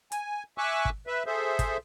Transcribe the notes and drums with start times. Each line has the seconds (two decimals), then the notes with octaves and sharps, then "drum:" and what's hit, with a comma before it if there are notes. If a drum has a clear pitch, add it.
0.12 G#5, drum: hi-hat
0.58 E5 G#5 C#6 D6 E6 F#6
0.85 drum: kick
1.07 B4 E5
1.26 G#4 A4 C5 E5
1.59 drum: kick, hi-hat